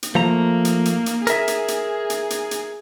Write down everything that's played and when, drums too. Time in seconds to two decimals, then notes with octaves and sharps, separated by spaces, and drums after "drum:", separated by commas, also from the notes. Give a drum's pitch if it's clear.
0.03 drum: hi-hat
0.15 F3 A3 A#3 A#5
0.65 drum: hi-hat
0.85 drum: hi-hat
1.06 drum: hi-hat
1.27 G#4 A#4 E5, drum: hi-hat
1.48 drum: hi-hat
1.68 drum: hi-hat
2.10 drum: hi-hat
2.30 drum: hi-hat
2.51 drum: hi-hat